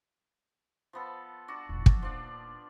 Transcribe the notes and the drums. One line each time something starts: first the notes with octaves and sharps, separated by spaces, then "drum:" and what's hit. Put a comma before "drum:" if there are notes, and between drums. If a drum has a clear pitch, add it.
F3 B3 A4
D4 F#4
E1 A#1
F3 F#3, drum: kick
D#1 F3 A#3 D4